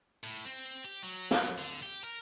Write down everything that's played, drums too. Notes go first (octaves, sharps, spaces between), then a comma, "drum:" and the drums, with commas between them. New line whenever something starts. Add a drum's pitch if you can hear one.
A2
C4
G4
F#3
drum: snare
D3
G4
A#4